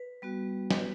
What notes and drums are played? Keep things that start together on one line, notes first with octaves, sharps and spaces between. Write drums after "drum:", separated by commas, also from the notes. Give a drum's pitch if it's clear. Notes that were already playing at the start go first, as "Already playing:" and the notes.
Already playing: B4
G3 B3 F#4
B4, drum: snare